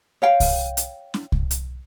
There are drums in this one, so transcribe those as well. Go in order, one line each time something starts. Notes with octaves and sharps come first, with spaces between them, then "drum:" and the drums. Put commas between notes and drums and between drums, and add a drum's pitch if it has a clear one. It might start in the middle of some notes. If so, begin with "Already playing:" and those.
C#5 F5 G5
drum: kick C2, open hi-hat
drum: hi-hat
drum: snare
drum: kick C2
drum: hi-hat